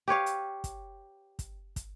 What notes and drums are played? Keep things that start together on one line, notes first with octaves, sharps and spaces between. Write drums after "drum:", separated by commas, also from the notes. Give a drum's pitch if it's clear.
G4 B4 C#5 F5
drum: hi-hat
drum: kick, hi-hat
drum: kick, hi-hat
drum: kick, hi-hat